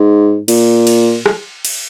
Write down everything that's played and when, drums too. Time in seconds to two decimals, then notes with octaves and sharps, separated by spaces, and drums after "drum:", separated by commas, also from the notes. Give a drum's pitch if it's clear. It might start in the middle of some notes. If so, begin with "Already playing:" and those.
Already playing: G#2
0.48 A#2, drum: cymbal
0.87 drum: cymbal
1.26 drum: rim click
1.65 drum: cymbal